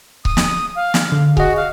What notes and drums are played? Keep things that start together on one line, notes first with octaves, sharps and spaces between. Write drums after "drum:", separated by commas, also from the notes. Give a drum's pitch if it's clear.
D#6, drum: kick C#1
drum: snare
F5
drum: snare
D3
F#4 G#4 D#5, drum: kick C#1
F5